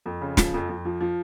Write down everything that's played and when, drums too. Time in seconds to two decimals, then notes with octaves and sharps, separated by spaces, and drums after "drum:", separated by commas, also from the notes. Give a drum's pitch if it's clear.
0.06 F2
0.21 C#3
0.37 F3, drum: snare
0.54 F2
0.69 F2
0.85 F3
1.01 F3